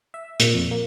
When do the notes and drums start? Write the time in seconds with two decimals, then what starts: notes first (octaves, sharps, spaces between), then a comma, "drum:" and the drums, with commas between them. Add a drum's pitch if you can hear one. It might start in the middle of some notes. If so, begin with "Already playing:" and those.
0.14 E5
0.40 A#2, drum: hi-hat
0.54 F2
0.71 A#3